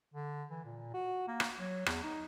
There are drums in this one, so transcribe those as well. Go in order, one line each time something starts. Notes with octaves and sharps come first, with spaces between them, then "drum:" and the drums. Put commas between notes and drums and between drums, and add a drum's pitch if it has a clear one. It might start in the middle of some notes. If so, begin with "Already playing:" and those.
D3
E3
A#2
F#4
A#3
drum: rim click
F#3
E2, drum: rim click
D#4